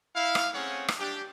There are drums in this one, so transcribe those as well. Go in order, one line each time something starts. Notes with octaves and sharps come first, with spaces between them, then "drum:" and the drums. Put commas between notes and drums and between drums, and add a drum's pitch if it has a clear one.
E4 F5
drum: rim click
A3 C4 C#4 G#4 C#5 F#5
drum: rim click
D4 G4